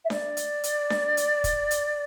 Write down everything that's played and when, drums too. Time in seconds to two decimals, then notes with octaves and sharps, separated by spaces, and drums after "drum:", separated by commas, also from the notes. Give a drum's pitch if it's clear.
0.04 E5
0.10 D5, drum: snare D4
0.37 drum: hi-hat
0.64 drum: hi-hat
0.90 drum: snare D4
1.17 drum: hi-hat
1.44 drum: kick, hi-hat
1.71 drum: hi-hat